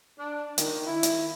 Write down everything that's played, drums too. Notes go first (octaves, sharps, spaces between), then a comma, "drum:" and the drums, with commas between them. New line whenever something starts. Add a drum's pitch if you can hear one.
D4
D#3, drum: hi-hat
E4
drum: hi-hat